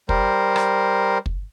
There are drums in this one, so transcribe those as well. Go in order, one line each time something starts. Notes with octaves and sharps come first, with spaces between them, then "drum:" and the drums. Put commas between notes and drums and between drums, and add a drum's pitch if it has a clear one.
G3 A#4 C5, drum: kick
drum: rim click
drum: kick